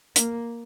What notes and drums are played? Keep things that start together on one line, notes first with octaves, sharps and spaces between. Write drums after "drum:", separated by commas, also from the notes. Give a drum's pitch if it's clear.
A#3, drum: hi-hat